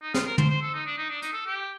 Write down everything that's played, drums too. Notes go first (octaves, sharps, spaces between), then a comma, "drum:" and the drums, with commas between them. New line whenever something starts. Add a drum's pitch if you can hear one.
D#4
F4, drum: snare
A#4
C5, drum: tom
C5
A4
D#4
D4
D#4
D4
D#4, drum: hi-hat
A4
G4